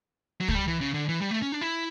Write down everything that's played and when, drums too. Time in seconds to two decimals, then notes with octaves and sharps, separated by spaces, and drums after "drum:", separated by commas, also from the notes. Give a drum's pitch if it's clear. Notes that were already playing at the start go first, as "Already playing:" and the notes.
0.41 F#3
0.48 A3, drum: kick C#2
0.55 G3
0.67 E3
0.81 C#3
0.94 D3
1.09 E3
1.21 G3
1.31 A3
1.42 C#4
1.52 D4
1.61 E4